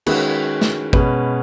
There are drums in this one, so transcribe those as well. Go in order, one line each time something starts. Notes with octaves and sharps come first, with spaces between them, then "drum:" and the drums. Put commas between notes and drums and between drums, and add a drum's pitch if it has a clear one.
D#3 G#3 C#4 F#4 B4, drum: cymbal
drum: snare
B2 G#3 C#4 B4, drum: kick